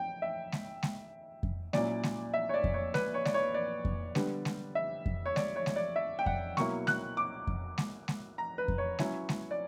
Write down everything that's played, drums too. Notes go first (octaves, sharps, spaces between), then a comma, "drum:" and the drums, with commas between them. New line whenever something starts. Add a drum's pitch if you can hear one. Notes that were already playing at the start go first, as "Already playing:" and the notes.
Already playing: G5
E5
drum: snare G#3
drum: snare G#3
drum: kick F2
A#2 F#3 C#4 E4 D5, drum: snare G#3
drum: snare G#3
E5
C#5
D5
drum: kick F2
C#5
B4, drum: snare G#3
C#5
D5, drum: snare G#3
C#5
D5
drum: kick F2
D3 G3 B3, drum: snare G#3
drum: snare G#3
E5
drum: kick F2
C#5
D5, drum: snare G#3
C#5
drum: snare G#3
D5
E5
G5
F#5, drum: kick F2
B2 F#3 A#3 E4 C#6, drum: snare G#3
F#6, drum: snare G#3
D6
drum: kick F2
drum: snare G#3
drum: snare G#3
A#5
B4
drum: kick F2
C#5
F#3 C#4 E4, drum: snare G#3
drum: snare G#3
D5